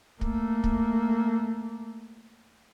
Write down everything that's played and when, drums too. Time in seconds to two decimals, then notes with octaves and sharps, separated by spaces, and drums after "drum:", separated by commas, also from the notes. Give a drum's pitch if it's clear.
0.21 A3 A#3, drum: kick
0.64 drum: kick